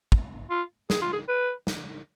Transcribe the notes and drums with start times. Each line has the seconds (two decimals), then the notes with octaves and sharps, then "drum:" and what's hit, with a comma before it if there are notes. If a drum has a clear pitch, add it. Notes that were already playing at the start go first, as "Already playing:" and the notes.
0.12 drum: kick
0.50 F4
0.90 G#4, drum: snare
1.01 F4
1.13 G#4
1.28 B4
1.67 drum: snare